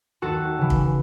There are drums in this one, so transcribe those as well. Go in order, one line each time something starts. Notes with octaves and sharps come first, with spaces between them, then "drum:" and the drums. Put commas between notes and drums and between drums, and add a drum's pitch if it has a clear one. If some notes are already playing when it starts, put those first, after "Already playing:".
D#2 F#4 A4
C#3 E3
drum: kick